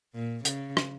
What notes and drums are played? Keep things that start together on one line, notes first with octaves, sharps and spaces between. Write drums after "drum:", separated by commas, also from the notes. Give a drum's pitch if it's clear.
A#2
C#3, drum: hi-hat
drum: rim click